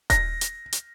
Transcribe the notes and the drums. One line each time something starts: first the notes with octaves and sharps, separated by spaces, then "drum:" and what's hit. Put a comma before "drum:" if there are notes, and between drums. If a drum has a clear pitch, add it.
A#6, drum: kick D#1, hi-hat
drum: hi-hat
drum: hi-hat